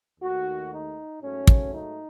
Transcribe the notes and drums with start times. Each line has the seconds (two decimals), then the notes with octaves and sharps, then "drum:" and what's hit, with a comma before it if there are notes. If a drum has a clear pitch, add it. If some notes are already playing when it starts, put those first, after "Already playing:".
0.20 D#2 D#3 A3 F#4
0.72 D#4
1.22 G#2 F#3 A3 C#4
1.47 drum: kick
1.73 D#4